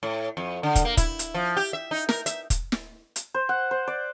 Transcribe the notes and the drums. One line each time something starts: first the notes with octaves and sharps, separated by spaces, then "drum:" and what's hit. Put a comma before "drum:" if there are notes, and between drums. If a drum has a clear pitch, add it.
A2
F2
D3
drum: kick, hi-hat
A#3
E4, drum: kick, hi-hat
drum: hi-hat
F3
G4
E5
D#4
A#4, drum: snare
E5, drum: hi-hat
drum: kick, hi-hat
drum: snare
drum: hi-hat
C5
F#5
C5
D5